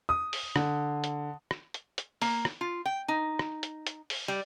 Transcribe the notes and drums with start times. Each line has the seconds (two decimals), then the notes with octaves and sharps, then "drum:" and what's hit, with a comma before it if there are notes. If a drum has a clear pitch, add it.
0.09 D#6
0.33 drum: open hi-hat
0.56 D3, drum: rim click
1.04 drum: hi-hat
1.51 drum: rim click
1.74 drum: hi-hat
1.98 drum: hi-hat
2.22 A#3, drum: open hi-hat
2.45 drum: rim click
2.61 F4
2.86 G5
3.08 D#4
3.39 drum: rim click
3.63 drum: hi-hat
3.87 drum: hi-hat
4.10 drum: open hi-hat
4.28 G3